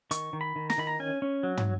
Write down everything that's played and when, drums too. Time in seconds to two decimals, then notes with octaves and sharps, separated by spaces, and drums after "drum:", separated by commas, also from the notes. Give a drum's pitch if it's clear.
0.11 D#3 C#6, drum: hi-hat
0.33 D#3
0.41 B5
0.56 D#3
0.70 A#5, drum: snare
0.78 D#3 B5
0.87 A#5
1.00 C#4 G#5
1.22 C#4
1.43 F#3
1.57 drum: tom